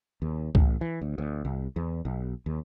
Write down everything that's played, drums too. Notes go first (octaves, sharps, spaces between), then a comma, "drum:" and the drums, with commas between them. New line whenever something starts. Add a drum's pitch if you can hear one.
D#2
A1, drum: kick
E3
D2
D2
C2
E2
B1
D#2